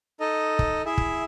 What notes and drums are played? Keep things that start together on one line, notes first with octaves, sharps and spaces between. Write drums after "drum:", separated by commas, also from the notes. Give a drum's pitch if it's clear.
D#4 A4 D#5
drum: kick
E4 G#4 E5
drum: kick